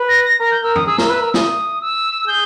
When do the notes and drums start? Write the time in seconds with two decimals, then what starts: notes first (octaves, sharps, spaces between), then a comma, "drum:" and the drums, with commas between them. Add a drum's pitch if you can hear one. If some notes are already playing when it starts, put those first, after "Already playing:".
Already playing: B4
0.09 A#6
0.24 A#6
0.40 A#4 A#6
0.51 G6
0.63 A#4 E6
0.75 D#6, drum: tom F2
0.87 G#4 E6
0.98 A#4, drum: snare
1.10 B4
1.22 A#4
1.34 D#6, drum: snare
1.82 E6
2.28 G#4 G6